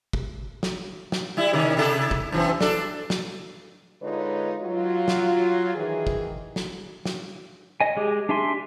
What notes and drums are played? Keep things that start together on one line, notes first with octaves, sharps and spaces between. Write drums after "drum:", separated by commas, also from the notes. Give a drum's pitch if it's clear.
drum: kick
drum: snare
drum: snare
G3 E4
C3 D#3 C#4
C3 E4 A4
drum: kick
F#2 E3 C4
D4 A4, drum: snare
drum: snare
D3 G#3 D#4 F4 B4 C#5
F#3 F4
drum: snare
D#3 E3 G#4
drum: kick
drum: snare
drum: snare
D#5 G#5
G#3 G4 G#4
D4 G4 E5 G#5 C6